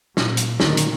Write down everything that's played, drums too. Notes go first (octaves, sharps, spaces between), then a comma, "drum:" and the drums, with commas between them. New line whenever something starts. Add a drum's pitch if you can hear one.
A#2, drum: snare
drum: hi-hat
D2 A#2 D#3, drum: snare
drum: hi-hat